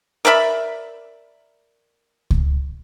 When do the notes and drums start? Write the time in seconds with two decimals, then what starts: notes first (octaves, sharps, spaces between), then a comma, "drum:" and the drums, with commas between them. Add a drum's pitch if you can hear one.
0.25 A#4 D5 E5 B5
2.31 drum: kick C#2